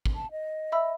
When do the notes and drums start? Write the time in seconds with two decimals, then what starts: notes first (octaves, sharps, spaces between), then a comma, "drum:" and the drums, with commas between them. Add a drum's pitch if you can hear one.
0.06 drum: kick
0.15 A5
0.31 D#5
0.72 E5 B5 E6